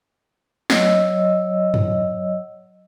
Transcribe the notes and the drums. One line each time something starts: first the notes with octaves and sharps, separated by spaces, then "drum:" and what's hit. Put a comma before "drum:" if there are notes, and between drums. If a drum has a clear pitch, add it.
F#3 C#5 D#5 E6, drum: snare
drum: tom F#2